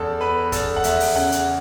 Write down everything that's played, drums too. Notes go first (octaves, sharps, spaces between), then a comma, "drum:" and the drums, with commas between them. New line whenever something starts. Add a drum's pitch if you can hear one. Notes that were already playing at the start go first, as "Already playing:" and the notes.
Already playing: E2 A4 A5
B3 B4 B5
E2 A4 A5, drum: kick, hi-hat
F#5
E2 E5, drum: hi-hat
drum: open hi-hat
C#3 F#5
drum: hi-hat